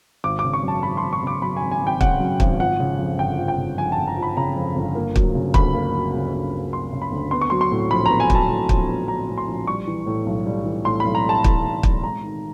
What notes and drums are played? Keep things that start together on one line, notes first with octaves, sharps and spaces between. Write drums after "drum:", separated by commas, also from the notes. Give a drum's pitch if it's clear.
G#1 D6
D6
C#3
C#6
F#2 A5
G#1 B5
C6
G#1
C#6
C#3 D6
F#2 B5
G#5
G#1
G#5
G#1
G5
C#3 F#5, drum: kick
F#2
G#1, drum: kick
F3 F#5
C#3
F2
G1 G5
F3
G5
C#3
F2 G#5
A5
G1
A#5
F3
B5
C#3 A#5
F2
G1
A#3
F#3, drum: kick
C#3
D2 B5, drum: kick
A#3
F#3
C#3
D2
A#3
F#3 C6
C#3
B5
D2
B3 C6
C#6
F#3 C6
C6
A2
A#1 B5
A#5
B3
G#5
F#3, drum: kick
A5
A2
A#1, drum: kick
B3
F#3 A#5
A2
C6
A#1
G3 C#6
E3
A2
B1
G3
E3
A2 C6
B5
B1
A#5
G3 A5
E3, drum: kick
A2
B1, drum: kick
G#3 A#5
D#3